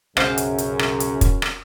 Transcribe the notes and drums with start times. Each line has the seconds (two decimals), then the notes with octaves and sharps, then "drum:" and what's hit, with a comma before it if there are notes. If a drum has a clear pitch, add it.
0.17 B1 F#2 C#3 C5 F5 F#5, drum: rim click
0.38 drum: hi-hat
0.58 drum: hi-hat
0.79 drum: rim click
1.00 drum: hi-hat
1.21 drum: kick, hi-hat
1.42 drum: rim click